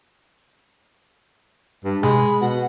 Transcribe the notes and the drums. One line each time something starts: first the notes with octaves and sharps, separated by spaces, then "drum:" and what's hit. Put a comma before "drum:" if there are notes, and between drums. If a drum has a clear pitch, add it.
G2
G#3 B5, drum: tom B2
B2 F#5